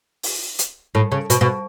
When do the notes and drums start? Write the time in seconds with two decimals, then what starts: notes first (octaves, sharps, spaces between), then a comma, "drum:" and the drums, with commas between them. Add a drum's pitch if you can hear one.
0.23 drum: open hi-hat
0.59 drum: hi-hat
0.95 A2
1.12 C#3
1.30 B2, drum: hi-hat
1.41 B2